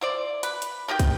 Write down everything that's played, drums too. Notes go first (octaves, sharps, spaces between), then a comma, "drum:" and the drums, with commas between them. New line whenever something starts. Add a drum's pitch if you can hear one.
E4 C5 D5
B4, drum: hi-hat
drum: hi-hat
D#3 D#4 G4 G5
drum: kick, hi-hat